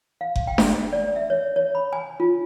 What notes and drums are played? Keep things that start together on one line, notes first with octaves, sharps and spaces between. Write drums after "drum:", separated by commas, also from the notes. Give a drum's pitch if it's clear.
F5
drum: kick F#1
G5
drum: snare D4
D5
E5
C#5
C#5
B5
G#5
F4